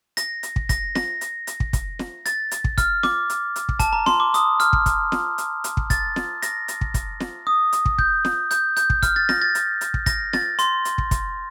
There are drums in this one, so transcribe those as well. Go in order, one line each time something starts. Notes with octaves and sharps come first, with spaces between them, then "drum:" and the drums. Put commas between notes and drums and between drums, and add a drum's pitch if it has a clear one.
A#6, drum: hi-hat
drum: hi-hat
drum: kick
A#6, drum: kick, hi-hat
A#6, drum: snare
drum: hi-hat
drum: hi-hat
drum: kick
drum: kick, hi-hat
drum: snare
A6, drum: hi-hat
drum: hi-hat
drum: kick
F6, drum: kick, hi-hat
D6, drum: snare
drum: hi-hat
drum: hi-hat
drum: kick
A5, drum: kick, hi-hat
A#5
C6, drum: snare
D6
D#6, drum: hi-hat
F6, drum: hi-hat
drum: kick
drum: kick, hi-hat
drum: snare
drum: hi-hat
drum: hi-hat
drum: kick
A6, drum: kick, hi-hat
drum: snare
A#6, drum: hi-hat
drum: hi-hat
drum: kick
drum: kick, hi-hat
drum: snare
D#6
drum: hi-hat
drum: kick
G6, drum: kick
drum: snare
G6, drum: hi-hat
G6, drum: hi-hat
drum: kick
F6, drum: kick, hi-hat
A6
A#6, drum: snare
A6
drum: hi-hat
drum: hi-hat
drum: kick
A#6, drum: kick, hi-hat
A6, drum: snare
C6, drum: hi-hat
drum: hi-hat
drum: kick
drum: kick, hi-hat